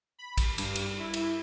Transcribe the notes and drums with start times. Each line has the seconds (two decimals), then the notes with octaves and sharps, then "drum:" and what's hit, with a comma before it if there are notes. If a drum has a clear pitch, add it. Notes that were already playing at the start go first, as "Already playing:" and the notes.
0.19 B5
0.38 drum: kick A#1, cymbal
0.58 G2, drum: cymbal
0.76 drum: cymbal
0.99 E4
1.14 drum: cymbal